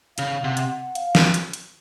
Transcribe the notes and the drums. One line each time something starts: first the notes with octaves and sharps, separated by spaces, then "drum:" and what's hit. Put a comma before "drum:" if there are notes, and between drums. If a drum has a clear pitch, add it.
C#3 F5, drum: hi-hat
C3 F#5
drum: hi-hat
F#5
F5, drum: hi-hat
drum: snare
drum: hi-hat
drum: hi-hat